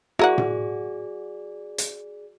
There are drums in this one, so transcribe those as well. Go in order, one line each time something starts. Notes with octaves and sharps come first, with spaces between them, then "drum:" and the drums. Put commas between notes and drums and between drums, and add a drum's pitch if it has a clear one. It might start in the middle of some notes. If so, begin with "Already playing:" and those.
E4 F#4 G#4 A#4 D5 F#5
drum: tom A2
drum: hi-hat